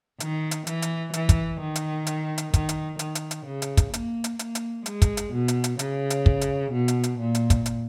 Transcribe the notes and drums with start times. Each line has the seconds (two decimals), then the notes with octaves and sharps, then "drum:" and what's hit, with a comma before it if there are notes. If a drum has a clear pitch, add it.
0.20 D#3, drum: hi-hat
0.51 drum: hi-hat
0.67 E3, drum: hi-hat
0.82 drum: hi-hat
1.13 E3, drum: hi-hat
1.29 drum: kick, hi-hat
1.60 D#3
1.75 drum: hi-hat
2.07 drum: hi-hat
2.38 drum: hi-hat
2.54 D#3, drum: kick, hi-hat
2.69 drum: hi-hat
2.99 D#3, drum: hi-hat
3.15 drum: hi-hat
3.31 drum: hi-hat
3.46 C#3
3.62 drum: hi-hat
3.77 drum: kick, hi-hat
3.94 A#3, drum: hi-hat
4.24 drum: hi-hat
4.39 A#3, drum: hi-hat
4.55 drum: hi-hat
4.86 G#3, drum: hi-hat
5.02 drum: kick, hi-hat
5.17 drum: hi-hat
5.33 B2
5.48 drum: hi-hat
5.64 drum: hi-hat
5.79 C#3, drum: hi-hat
6.10 drum: hi-hat
6.26 drum: kick
6.41 drum: hi-hat
6.72 B2
6.88 drum: hi-hat
7.04 drum: hi-hat
7.19 A#2
7.35 drum: hi-hat
7.50 drum: kick, hi-hat
7.66 drum: hi-hat